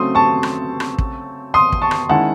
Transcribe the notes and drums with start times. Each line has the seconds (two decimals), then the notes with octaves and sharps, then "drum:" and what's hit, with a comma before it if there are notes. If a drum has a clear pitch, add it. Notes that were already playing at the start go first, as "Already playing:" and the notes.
Already playing: C#3 F#3 A3 C4 C6 D#6
0.15 A5 C#6
0.43 drum: rim click
0.80 drum: rim click
0.98 drum: kick
1.54 C6 D#6
1.72 drum: kick
1.82 A5 C#6
1.91 drum: rim click
2.09 D#3 G#3 C#4 E4 F#5 A5